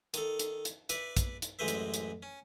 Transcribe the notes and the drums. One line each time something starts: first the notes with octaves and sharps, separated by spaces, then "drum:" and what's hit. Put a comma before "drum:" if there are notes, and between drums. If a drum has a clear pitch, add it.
D#3 A4, drum: hi-hat
drum: hi-hat
drum: hi-hat
B4 D5 E5, drum: hi-hat
drum: kick, hi-hat
drum: hi-hat
A1 F#2 G#3 B4 C5 E5
drum: hi-hat
drum: hi-hat
C#4